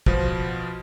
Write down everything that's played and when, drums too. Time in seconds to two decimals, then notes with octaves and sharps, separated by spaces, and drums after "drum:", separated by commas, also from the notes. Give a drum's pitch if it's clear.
0.06 B2 F3, drum: kick